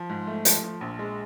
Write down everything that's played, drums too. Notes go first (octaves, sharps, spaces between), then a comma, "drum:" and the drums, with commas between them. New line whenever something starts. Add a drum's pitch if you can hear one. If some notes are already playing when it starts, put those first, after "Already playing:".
Already playing: F3
G#2
A3
F3, drum: hi-hat
F3
A#1
G#3